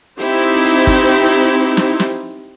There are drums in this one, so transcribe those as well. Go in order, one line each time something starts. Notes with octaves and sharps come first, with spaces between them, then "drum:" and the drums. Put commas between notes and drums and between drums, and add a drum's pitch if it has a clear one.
C4 D#4 E4 G4 C5, drum: hi-hat
drum: hi-hat
drum: kick
drum: snare
drum: snare